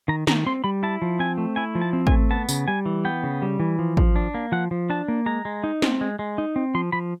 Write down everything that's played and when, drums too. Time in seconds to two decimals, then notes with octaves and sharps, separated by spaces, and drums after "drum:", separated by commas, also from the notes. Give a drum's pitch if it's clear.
0.08 D#3 A#5
0.27 D#3 A#5, drum: snare
0.46 C4 C6
0.64 G3 B5
0.83 E4 A5
1.02 F3
1.19 C4 G#5
1.38 A3
1.56 E4 G#5
1.75 F3
1.82 A5
1.93 C4
2.07 G#5, drum: kick
2.12 A3
2.31 B3 A5
2.49 C#3, drum: tambourine
2.68 G3 G#5
2.86 E3
3.05 B3 G5
3.23 C#3
3.42 G3
3.60 E3
3.79 F3
3.97 F3, drum: kick
4.16 D4
4.34 A#3
4.52 F3 F#5
4.71 F3
4.90 D4 A5
5.08 A#3
5.26 G#3 A#5
5.45 G#3
5.64 D#4
5.82 C4, drum: snare
6.01 G#3
6.19 G#3
6.38 D#4
6.56 C4
6.75 F3 C6
6.92 F3 B5